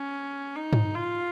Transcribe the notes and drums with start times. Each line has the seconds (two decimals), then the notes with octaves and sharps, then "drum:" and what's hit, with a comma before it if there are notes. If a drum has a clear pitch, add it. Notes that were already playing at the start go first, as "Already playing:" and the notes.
Already playing: C#4
0.56 D#4
0.73 drum: tom
0.95 F4